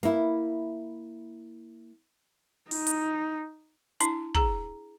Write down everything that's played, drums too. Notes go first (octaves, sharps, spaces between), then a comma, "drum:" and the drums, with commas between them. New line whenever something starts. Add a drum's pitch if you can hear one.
A#3 E4, drum: snare
D#4, drum: open hi-hat
drum: hi-hat
D4 E4 A5, drum: hi-hat
G#4 A#5, drum: kick